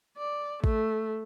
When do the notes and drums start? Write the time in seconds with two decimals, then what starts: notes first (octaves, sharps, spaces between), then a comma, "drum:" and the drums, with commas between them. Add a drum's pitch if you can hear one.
0.17 D5
0.64 A3, drum: kick A1